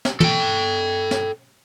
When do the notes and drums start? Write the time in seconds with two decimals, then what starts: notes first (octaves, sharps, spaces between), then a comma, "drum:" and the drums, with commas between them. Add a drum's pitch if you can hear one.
0.05 drum: snare
0.20 A4 G5, drum: tom
1.11 drum: snare